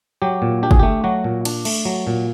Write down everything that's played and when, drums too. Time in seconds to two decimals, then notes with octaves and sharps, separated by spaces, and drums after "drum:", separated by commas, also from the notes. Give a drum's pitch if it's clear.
0.22 F#3 G4
0.42 A#2
0.63 D4 G4
0.71 G#4, drum: kick
0.79 A3 G4
1.04 F#3 F#4
1.24 A#2
1.45 D4, drum: cymbal
1.65 A3, drum: cymbal
1.85 F#3
2.07 A#2